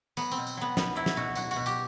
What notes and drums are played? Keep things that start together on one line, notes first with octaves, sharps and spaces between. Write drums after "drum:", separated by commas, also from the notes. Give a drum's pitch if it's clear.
F#3 B3, drum: tambourine
C4, drum: tambourine
B2
drum: tambourine
F#3 B3
B2 B3, drum: snare
F#3 E4
drum: snare
B2 F#4
F#3 F#4, drum: tambourine
F#4, drum: tambourine
B2
G4, drum: tambourine